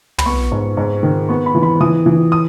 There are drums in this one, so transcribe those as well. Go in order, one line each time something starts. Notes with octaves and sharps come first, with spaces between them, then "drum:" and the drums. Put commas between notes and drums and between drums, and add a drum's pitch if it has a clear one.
B5, drum: tom
B3 C#6
G#2
G#2
D#3
B3 C#6
B5
E3
B5
E3 D#6
E3
D#6